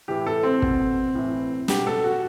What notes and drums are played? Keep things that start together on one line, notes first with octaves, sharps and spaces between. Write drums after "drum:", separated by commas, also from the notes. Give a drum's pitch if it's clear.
A2 E3 G4
A4
C4
B2, drum: kick
A2 E3
B2 G4, drum: snare
A4
F#4